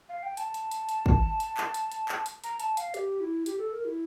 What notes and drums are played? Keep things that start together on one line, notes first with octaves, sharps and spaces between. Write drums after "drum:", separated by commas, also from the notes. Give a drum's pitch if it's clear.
F5
G5
A5, drum: hi-hat
drum: hi-hat
drum: hi-hat
drum: hi-hat
drum: kick
drum: hi-hat
drum: clap
drum: hi-hat
drum: hi-hat
drum: clap
drum: hi-hat
A#5, drum: hi-hat
A5, drum: hi-hat
F5, drum: hi-hat
G4, drum: hi-hat
E4
G4, drum: hi-hat
A4
A#4
E4